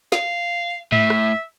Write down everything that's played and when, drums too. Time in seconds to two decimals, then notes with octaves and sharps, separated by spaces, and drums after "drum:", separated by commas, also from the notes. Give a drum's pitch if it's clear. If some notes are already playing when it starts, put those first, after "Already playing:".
0.12 F5, drum: snare
0.92 A2 E5, drum: tom G#2
1.10 drum: rim click